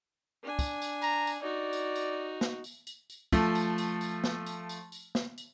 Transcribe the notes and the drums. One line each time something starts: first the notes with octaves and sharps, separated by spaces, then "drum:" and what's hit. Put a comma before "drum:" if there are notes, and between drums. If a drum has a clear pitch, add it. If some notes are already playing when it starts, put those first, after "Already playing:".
D4 G#5
drum: kick, tambourine
drum: tambourine
A#5, drum: tambourine
drum: tambourine
D#4 F#4 D5
drum: tambourine
drum: tambourine
drum: snare
drum: tambourine
drum: tambourine
drum: tambourine
F3 A3, drum: kick, tambourine
drum: tambourine
drum: tambourine
drum: tambourine
drum: snare
drum: tambourine
drum: tambourine
drum: tambourine
drum: snare
drum: tambourine